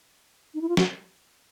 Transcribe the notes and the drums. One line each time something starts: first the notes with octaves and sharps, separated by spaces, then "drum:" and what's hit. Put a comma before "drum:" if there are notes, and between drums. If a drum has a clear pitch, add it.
D#4
E4
F4
F#4, drum: snare